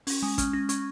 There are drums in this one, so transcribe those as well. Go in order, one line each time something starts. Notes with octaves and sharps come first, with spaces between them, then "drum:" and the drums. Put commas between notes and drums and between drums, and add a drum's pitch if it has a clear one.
C#4, drum: open hi-hat
G#3
C#4 F6, drum: kick, hi-hat
C#4 A#6
C#4 C#6, drum: hi-hat